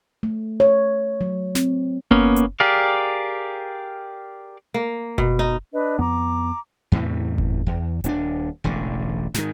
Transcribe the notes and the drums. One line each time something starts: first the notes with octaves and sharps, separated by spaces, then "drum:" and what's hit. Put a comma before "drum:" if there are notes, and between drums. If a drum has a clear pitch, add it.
A3
C#5
F#3
C4, drum: snare
A#3 B3 C#4, drum: kick F#1
drum: hi-hat
G4 G#4 A#4 D5 F5
A#3
B2, drum: kick F#1
D#4
D4 B4 D#5
F2 B3 A#5 D6
E2 A2 C3 E3
drum: kick F#1
E2
D#1 C#4 D4, drum: hi-hat
E1 A1 D3
G#2 D#3, drum: snare